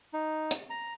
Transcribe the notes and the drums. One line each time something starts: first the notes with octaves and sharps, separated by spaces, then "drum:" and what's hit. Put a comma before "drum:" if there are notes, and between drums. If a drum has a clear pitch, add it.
D#4
drum: hi-hat
A#5